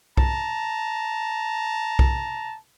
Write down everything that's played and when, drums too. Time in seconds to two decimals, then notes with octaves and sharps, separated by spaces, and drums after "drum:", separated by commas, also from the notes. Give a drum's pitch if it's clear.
0.17 A5 A#5, drum: kick B1
1.99 drum: kick B1